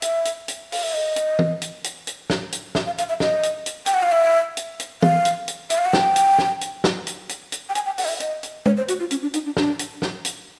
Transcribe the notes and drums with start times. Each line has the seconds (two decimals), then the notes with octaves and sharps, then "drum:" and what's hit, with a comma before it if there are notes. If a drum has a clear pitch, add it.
0.02 E5, drum: hi-hat
0.25 drum: hi-hat
0.48 drum: hi-hat
0.72 F5, drum: open hi-hat
0.83 E5
0.94 D#5
1.16 drum: hi-hat
1.39 drum: tom
1.62 drum: hi-hat
1.84 drum: hi-hat
2.07 drum: hi-hat
2.30 drum: snare
2.52 drum: hi-hat
2.75 E5, drum: snare
2.86 F5
2.98 F5, drum: hi-hat
3.09 E5
3.20 D#5, drum: snare
3.43 drum: hi-hat
3.66 drum: hi-hat
3.86 G5, drum: hi-hat
3.94 F#5
4.03 F5
4.12 E5
4.57 drum: hi-hat
4.80 drum: hi-hat
5.02 F5, drum: tom
5.25 drum: hi-hat
5.48 drum: hi-hat
5.70 E5, drum: hi-hat
5.78 F5
5.86 F#5
5.93 G5, drum: snare
6.16 drum: hi-hat
6.39 drum: snare
6.61 drum: hi-hat
6.84 drum: snare
7.07 drum: hi-hat
7.29 drum: hi-hat
7.52 drum: hi-hat
7.69 G5
7.75 G#5, drum: hi-hat
7.86 G5
7.98 F#5, drum: open hi-hat
8.05 D#5
8.09 E5
8.20 D#5, drum: hi-hat
8.43 drum: hi-hat
8.66 C#5, drum: tom
8.77 C5
8.88 F#4, drum: hi-hat
9.00 F4
9.11 C#4, drum: hi-hat
9.22 D4
9.34 D#4, drum: hi-hat
9.46 D4
9.57 D4, drum: snare
9.79 drum: hi-hat
10.02 drum: snare
10.25 drum: hi-hat